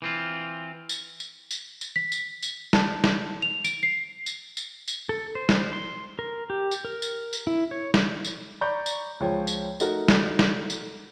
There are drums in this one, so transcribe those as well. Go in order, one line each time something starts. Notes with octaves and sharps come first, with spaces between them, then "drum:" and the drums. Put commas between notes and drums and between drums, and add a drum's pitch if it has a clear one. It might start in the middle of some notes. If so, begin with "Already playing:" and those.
E3 C4 F4
drum: tambourine
drum: tambourine
drum: tambourine
drum: tambourine
B6
drum: tambourine
drum: tambourine
A5, drum: snare
drum: snare
F7
D7, drum: tambourine
C7
drum: tambourine
drum: tambourine
drum: tambourine
A4
C5
drum: snare
C6
A#4
G4
drum: tambourine
A#4
drum: tambourine
drum: tambourine
E4
C#5
drum: snare
drum: tambourine
D5 A#5 B5 C#6 G6
drum: tambourine
C#2 F3 C#5 G5
drum: tambourine
A3 D#4 F#4 A#4, drum: tambourine
drum: snare
drum: snare
drum: tambourine